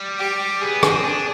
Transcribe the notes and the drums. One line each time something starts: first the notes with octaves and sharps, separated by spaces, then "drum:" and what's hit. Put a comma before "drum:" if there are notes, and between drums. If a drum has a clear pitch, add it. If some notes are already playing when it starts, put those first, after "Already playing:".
Already playing: G3
G4
B3 G#4
C4, drum: rim click
D4